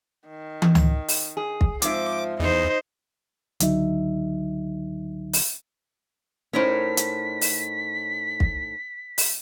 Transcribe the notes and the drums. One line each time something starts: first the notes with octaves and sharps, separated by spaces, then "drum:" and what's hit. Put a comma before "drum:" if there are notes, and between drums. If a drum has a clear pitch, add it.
D#3
drum: tom
drum: tom
drum: open hi-hat
G#4
drum: kick
G#2 F3 C4 E5 D6, drum: hi-hat
E2 D#4 C5 D#5
C#2 D3 F#3 D#4 E5, drum: hi-hat
drum: open hi-hat
A2 C#4 D#4 A#4 C5 C#5 B6
drum: hi-hat
drum: open hi-hat
drum: kick
drum: open hi-hat